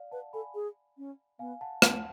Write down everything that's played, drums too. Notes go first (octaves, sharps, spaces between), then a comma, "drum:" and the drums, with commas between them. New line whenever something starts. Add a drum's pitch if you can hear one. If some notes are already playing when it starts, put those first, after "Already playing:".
Already playing: D5 F5
B4 F#5 A5
A4 G#5 B5
G#4
C#4
B3 F5 G#5
F#5 A5
B3 F#5 A5, drum: rim click